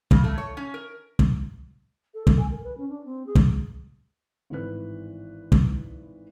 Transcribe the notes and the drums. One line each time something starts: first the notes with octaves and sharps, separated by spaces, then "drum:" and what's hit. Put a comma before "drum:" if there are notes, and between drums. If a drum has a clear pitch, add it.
C#3, drum: kick
A3
C#5
C#4
A#4
drum: kick
A4
A4, drum: kick
G#5
A#4
B4
C#4
D4
C4
G#4
drum: kick
G#1 A2 E3 B4 F#6
drum: kick